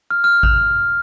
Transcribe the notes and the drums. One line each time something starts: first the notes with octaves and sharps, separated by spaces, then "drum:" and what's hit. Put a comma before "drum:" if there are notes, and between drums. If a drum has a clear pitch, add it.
F6
F6
drum: kick G#1